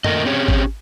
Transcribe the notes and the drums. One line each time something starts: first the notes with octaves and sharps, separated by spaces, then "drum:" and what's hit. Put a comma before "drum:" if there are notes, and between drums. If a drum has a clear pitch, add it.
A#2 D#3 A3 A#4 D#5, drum: tom F#2
C4 C#4 G4 G#4 C#5
drum: kick G#1